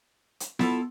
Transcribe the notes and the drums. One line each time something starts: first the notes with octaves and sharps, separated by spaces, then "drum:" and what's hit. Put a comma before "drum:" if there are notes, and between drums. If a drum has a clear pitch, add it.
drum: hi-hat
B3 E4 F4 A4, drum: snare B3